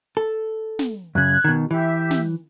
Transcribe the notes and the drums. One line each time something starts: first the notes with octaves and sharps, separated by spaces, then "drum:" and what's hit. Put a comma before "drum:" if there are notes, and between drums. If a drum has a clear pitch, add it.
A4
drum: snare
F#2 C#3 F#6 G#6
B2 D#3
E3 G4 E5
drum: snare